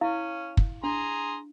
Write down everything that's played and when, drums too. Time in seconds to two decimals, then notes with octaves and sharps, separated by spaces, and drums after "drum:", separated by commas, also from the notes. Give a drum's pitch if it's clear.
0.01 C#4 E4 F5
0.57 drum: kick
0.84 D4 G#4 A#5 C6